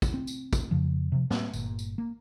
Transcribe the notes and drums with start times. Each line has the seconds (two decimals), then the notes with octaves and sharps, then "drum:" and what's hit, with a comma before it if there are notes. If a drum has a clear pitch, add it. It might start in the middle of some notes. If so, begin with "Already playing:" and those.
0.02 drum: kick, tambourine
0.14 C4
0.27 drum: tambourine
0.53 drum: kick, tambourine
0.71 F2 C#3 F3
1.12 C3 F3
1.30 A2 G3 A#3 C4, drum: snare
1.54 G1 A#2, drum: tambourine
1.79 drum: tambourine
1.98 A#3